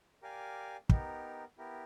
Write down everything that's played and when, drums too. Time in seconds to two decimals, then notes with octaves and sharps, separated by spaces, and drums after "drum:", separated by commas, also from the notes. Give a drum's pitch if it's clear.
0.22 G4 A#4 D5 F5 G#5
0.89 B3 D#4 G4 A#4, drum: kick
1.58 B3 E4 G4 A#4